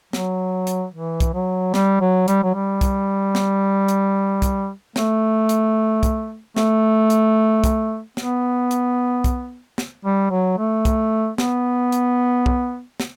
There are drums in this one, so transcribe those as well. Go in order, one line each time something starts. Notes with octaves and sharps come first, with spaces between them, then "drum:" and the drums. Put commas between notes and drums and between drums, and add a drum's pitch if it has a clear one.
F#3, drum: snare
drum: hi-hat
E3
drum: kick, hi-hat
F#3
G3, drum: snare
F#3
G3, drum: hi-hat
F#3
G3
drum: kick, hi-hat
drum: snare
drum: hi-hat
drum: kick, hi-hat
A3, drum: snare
drum: hi-hat
drum: kick, hi-hat
A3, drum: snare
drum: hi-hat
drum: kick, hi-hat
B3, drum: snare
drum: hi-hat
drum: kick, hi-hat
drum: snare
G3
F#3
A3
drum: kick, hi-hat
B3, drum: snare
drum: hi-hat
drum: kick
drum: snare